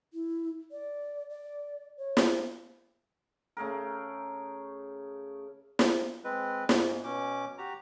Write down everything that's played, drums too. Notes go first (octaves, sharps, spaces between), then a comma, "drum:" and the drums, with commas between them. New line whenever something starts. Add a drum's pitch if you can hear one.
E4
D5
D5
C#5
drum: snare
C#3 A3 G#4 A#4
drum: snare
G#3 C4 B4
G#2 G#3, drum: snare
B2 C#4 D6
F#4 G4 A#5